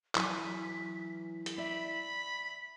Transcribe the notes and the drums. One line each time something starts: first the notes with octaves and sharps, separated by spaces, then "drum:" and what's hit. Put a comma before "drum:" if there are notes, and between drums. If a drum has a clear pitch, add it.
E3 F#3 G#5 B6, drum: clap
drum: hi-hat
D5 E5 B5 B6